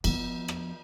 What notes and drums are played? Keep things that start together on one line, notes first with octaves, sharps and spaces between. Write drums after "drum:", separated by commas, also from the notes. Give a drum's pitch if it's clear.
F3 B3, drum: cymbal
drum: rim click